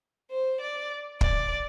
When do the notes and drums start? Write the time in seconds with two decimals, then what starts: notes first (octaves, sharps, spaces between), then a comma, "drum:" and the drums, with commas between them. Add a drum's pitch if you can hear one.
0.31 C5
0.61 D5
1.21 D5, drum: kick